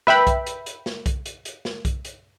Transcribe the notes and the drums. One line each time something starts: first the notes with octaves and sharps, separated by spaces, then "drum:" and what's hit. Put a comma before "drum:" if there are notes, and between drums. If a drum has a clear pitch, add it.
B4 E5 G5 B5, drum: snare
drum: kick, hi-hat
drum: hi-hat
drum: hi-hat
drum: snare
drum: kick, hi-hat
drum: hi-hat
drum: hi-hat
drum: snare
drum: kick, hi-hat
drum: hi-hat